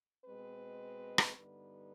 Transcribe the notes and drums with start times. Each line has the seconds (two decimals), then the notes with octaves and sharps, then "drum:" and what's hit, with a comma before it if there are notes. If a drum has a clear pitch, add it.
0.25 B2 G#3 C4 B4
1.18 drum: rim click
1.36 G2 D3 G3 B3 D#4 B4